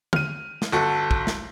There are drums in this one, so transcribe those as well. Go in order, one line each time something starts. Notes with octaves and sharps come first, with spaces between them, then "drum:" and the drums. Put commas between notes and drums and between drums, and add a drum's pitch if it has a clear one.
F6 D#7, drum: tom D3
drum: snare
G1 F#4 A4
drum: kick
drum: snare